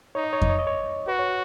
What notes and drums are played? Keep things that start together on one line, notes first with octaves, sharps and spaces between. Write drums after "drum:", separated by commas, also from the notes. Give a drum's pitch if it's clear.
D#4 C#5
D#5
C#5
D#5, drum: kick F2
C#5
D#5
C#5
F#4 B4
C#5